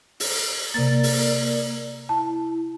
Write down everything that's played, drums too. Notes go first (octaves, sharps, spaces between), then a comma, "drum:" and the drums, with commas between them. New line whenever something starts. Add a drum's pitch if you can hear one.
drum: open hi-hat
C3 A#3 A#4 D5 A6
drum: open hi-hat
E4 A5